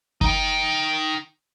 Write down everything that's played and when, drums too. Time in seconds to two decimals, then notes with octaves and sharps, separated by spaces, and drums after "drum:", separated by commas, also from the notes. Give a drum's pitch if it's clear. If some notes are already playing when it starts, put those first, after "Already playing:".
0.21 D#4 G5, drum: kick